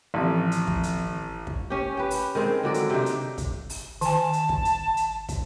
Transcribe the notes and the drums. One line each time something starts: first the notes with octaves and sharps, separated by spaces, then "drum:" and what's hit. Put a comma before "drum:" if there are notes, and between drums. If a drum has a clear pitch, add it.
A1 D#3 F3 C4
drum: hi-hat
drum: kick
drum: hi-hat
drum: kick
C#4 G4
G4 B4
drum: open hi-hat
D#3 G#3 C4
D3 F#3 D5
drum: hi-hat
C3 D4 D#4
drum: hi-hat
drum: kick, hi-hat
drum: open hi-hat
D#3 G#5 A5, drum: open hi-hat
drum: hi-hat
drum: kick
drum: hi-hat
drum: hi-hat
drum: kick, hi-hat